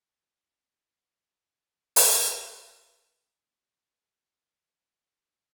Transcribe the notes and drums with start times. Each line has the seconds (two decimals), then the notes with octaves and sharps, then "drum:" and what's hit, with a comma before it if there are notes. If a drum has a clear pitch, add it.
0.19 B2 F#3
0.85 C#3
1.43 D4
1.96 drum: open hi-hat
2.36 B3 C4
2.91 D3 D#3 F3 G3 B3 C4